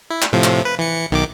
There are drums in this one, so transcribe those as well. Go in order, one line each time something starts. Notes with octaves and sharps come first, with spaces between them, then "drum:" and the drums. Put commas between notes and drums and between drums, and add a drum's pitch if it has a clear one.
E4
drum: clap
A2 C3 F3
drum: clap
B4
E3 C#7
B1 D#3 D6